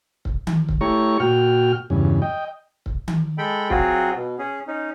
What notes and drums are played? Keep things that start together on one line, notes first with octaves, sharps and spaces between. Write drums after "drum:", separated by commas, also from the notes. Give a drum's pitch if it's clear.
drum: kick C#1
drum: tom D#3
drum: kick C#1
A3 E4 G4 C#5 A#5 C#6
A#2 F#4 G5 F6
E2 G2 C#3
D#5 G5
drum: kick C#1
drum: tom D#3
G#3 A4 G5 B5
F#3 C4 F4 F#4 G#4, drum: kick C#1
B2
C#4 G#4
C#4 D#4